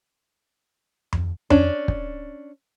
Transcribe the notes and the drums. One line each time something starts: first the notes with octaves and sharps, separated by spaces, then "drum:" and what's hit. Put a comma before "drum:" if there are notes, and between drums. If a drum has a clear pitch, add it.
drum: tom F2
C#4 D4, drum: tom F2
drum: kick